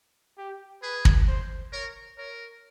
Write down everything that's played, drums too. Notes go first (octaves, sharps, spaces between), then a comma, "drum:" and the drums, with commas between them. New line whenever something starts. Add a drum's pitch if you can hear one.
G4
G#4 B4
drum: kick
C5
A#4 C#5
A#4 C#5